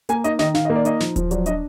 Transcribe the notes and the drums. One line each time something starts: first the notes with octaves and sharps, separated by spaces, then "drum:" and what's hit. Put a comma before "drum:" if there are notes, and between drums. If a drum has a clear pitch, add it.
A#3 G#5, drum: hi-hat
D#4 D#5, drum: hi-hat
D#3 D#5, drum: snare
D#3 F5, drum: snare
A#3 D#5
D5
D#4 D#5, drum: hi-hat
F3, drum: snare
F3, drum: kick D#1, hi-hat
F#3 D5, drum: hi-hat
D4 D#5, drum: hi-hat